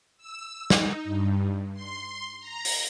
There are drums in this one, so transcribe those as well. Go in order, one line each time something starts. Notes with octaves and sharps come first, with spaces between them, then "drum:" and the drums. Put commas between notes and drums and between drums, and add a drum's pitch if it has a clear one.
E6
D#4, drum: snare
G2
C6
A#5
drum: open hi-hat